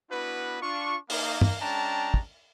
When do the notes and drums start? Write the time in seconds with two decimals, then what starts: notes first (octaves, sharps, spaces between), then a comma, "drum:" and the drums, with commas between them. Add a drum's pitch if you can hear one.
0.10 B3 D4 E4 F#4 B4
0.61 D4 F4 C#6
1.10 A#3 D#4 F5, drum: open hi-hat
1.41 drum: tom
1.61 G#3 C#4 D4 G5 A5 A#5
2.14 drum: kick